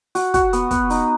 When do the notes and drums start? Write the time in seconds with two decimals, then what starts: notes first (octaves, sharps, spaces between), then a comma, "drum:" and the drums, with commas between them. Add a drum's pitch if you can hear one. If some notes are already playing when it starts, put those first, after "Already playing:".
0.15 F#4, drum: open hi-hat
0.34 F#4, drum: kick, hi-hat
0.53 B3, drum: hi-hat
0.71 B3, drum: kick, hi-hat
0.90 D#4, drum: open hi-hat